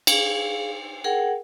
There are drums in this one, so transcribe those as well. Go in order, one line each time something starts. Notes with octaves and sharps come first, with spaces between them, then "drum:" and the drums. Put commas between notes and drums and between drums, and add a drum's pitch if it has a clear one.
G#4 F5, drum: cymbal
G#4 A#4 F#5 G5